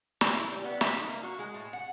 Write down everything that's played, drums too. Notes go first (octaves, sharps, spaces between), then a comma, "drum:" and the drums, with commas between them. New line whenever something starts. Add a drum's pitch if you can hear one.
A2, drum: snare
E4
G3
B3
E5, drum: snare
D#4
A#3
F#4
G#3
A2
F#5